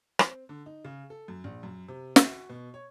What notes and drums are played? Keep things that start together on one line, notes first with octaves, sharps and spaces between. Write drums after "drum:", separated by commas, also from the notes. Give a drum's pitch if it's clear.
C4, drum: rim click
D3
D#4
C#3
A4
F#2
A#1
F#2
C3
F#4, drum: snare
B2
C#5